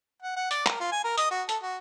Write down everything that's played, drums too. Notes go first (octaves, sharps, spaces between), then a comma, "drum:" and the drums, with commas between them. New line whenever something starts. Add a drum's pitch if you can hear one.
F#5
F#5
D5, drum: hi-hat
A#4, drum: clap
F4
G#5
A#4
D#5, drum: hi-hat
F#4
A4, drum: hi-hat
F#4